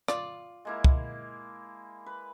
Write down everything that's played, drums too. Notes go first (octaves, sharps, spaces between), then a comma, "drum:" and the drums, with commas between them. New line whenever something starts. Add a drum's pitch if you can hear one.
F4 D5, drum: rim click
G#3 A#3 E4
drum: kick C2
B4